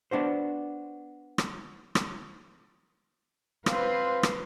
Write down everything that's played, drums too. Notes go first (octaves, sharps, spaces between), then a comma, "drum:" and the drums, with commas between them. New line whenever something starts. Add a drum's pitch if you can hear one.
B3 D4 F#4 C5
drum: rim click
drum: rim click
C4 F4 B4 C5, drum: rim click
drum: rim click